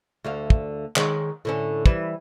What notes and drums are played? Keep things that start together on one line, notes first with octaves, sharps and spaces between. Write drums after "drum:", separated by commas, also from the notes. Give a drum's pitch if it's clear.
D2 D3 F5
drum: kick
D#3 G#3 C#5, drum: clap
A2 D3 C#4
E3 G3, drum: kick